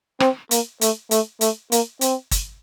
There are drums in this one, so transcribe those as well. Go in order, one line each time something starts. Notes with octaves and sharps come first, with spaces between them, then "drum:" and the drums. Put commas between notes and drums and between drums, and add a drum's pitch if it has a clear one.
C4, drum: rim click
A#3, drum: hi-hat
A3, drum: hi-hat
A3, drum: hi-hat
A3, drum: hi-hat
A#3, drum: hi-hat
C4, drum: hi-hat
drum: kick, hi-hat